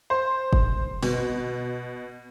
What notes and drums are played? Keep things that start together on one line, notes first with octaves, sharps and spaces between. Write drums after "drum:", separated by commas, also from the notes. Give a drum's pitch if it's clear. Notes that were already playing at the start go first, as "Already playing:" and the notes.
C5
drum: kick
B2, drum: open hi-hat